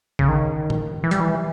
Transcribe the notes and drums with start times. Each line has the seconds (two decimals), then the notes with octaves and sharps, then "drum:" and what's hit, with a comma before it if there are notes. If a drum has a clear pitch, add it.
0.19 C#3, drum: kick A#1
0.28 D#3
0.70 drum: tom A2
1.04 E3
1.11 G3, drum: hi-hat
1.20 E3